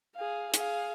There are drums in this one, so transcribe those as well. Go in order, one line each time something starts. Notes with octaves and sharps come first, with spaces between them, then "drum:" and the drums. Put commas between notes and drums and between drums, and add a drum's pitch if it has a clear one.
G#4 F5
G#4 F5, drum: hi-hat